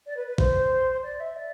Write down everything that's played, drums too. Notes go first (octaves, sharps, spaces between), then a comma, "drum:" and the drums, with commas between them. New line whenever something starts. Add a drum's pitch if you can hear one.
D5
B4
B4
C5, drum: kick
D5
E5
D5